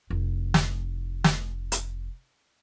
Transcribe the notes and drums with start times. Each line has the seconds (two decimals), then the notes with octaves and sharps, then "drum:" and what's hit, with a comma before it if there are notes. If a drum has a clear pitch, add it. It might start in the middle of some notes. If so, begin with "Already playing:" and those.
0.10 F1 E4
0.54 drum: snare
1.24 drum: snare
1.72 drum: hi-hat